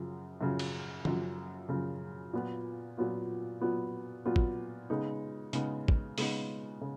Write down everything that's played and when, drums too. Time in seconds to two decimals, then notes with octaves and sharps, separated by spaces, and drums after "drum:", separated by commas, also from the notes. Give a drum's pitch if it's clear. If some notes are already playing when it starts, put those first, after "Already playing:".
Already playing: F#2 C#3 F3
0.41 F#2 C#3 F3
0.59 drum: cymbal
1.05 F#2 C#3 F3, drum: tom
1.69 F#2 C#3 F3
2.33 A#2 F#3 B3 F4
2.97 A#2 F#3 B3 F4
3.61 A#2 F#3 B3 F4
4.25 A#2 F#3 B3 F4
4.36 drum: kick
4.90 C#3 G#3 B3 D#4
5.53 C#3 G#3 B3 D#4, drum: hi-hat
5.88 drum: kick
6.18 C#3 G#3 B3 D#4, drum: open hi-hat
6.82 C#3